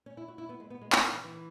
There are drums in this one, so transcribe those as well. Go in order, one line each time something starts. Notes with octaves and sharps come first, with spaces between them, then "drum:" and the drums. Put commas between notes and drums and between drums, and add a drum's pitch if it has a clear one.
C#4
E4
F#4
E4
B3
G#3
B3
G#3
B3, drum: clap
C#4
E3
E3